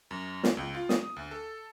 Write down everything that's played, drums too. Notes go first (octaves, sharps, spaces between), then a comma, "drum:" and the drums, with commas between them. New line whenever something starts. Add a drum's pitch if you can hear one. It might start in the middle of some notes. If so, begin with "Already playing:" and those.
F#2
drum: snare
C#2
F4
D#6, drum: snare
D2
A4